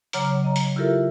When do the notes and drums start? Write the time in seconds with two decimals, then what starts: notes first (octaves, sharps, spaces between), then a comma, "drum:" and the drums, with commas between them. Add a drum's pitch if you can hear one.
0.13 C#3 F#3 C#5 A#5 D6 F6, drum: hi-hat
0.44 D#5 A#5
0.56 drum: hi-hat
0.76 E4 F4 G4 A4 A#4 E5